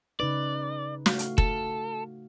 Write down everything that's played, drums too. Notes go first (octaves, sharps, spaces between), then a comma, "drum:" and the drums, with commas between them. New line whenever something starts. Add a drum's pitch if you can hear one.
C#3 D#4 B4 D5
A3 F#4 F5, drum: snare
drum: hi-hat
A4, drum: kick F1